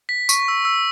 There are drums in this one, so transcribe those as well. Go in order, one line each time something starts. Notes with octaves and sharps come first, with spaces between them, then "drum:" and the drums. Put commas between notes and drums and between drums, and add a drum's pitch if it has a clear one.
B6
C#6, drum: tambourine
E6
E6